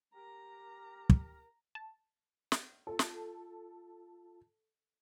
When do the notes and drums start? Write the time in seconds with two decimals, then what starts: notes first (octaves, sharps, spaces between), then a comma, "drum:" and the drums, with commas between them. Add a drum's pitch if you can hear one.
0.15 G4 A#4 A#5
1.10 drum: kick
1.75 A5
2.52 drum: snare
2.87 F4 A4
2.99 drum: snare